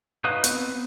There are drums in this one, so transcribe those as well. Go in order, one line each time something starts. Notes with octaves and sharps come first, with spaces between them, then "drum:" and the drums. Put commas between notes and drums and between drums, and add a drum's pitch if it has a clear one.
D#4 F#4 B4 F5 D#6
B3 C4, drum: hi-hat